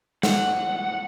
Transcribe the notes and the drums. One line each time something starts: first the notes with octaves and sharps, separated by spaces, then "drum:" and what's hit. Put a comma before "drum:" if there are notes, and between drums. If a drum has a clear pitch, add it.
F#5, drum: snare